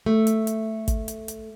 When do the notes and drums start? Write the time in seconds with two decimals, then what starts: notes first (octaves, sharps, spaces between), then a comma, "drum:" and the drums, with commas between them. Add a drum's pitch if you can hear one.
0.06 A3
0.27 drum: hi-hat
0.47 drum: hi-hat
0.88 drum: kick, hi-hat
1.08 drum: hi-hat
1.28 drum: hi-hat